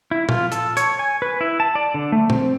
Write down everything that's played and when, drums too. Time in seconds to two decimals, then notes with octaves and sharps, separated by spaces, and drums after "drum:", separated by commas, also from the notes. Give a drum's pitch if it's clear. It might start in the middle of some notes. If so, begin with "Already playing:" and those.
0.11 E4
0.29 F4, drum: tom A#2
0.52 A4, drum: hi-hat
0.77 C#5, drum: hi-hat
0.99 G#5
1.22 B4
1.41 E4
1.60 A5
1.75 D5
1.94 D3
2.12 A3
2.30 C4, drum: tom A#2